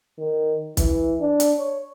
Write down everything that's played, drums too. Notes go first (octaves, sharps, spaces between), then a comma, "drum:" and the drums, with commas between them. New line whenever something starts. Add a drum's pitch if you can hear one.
D#3
E3, drum: kick, hi-hat
D4
drum: hi-hat
C#5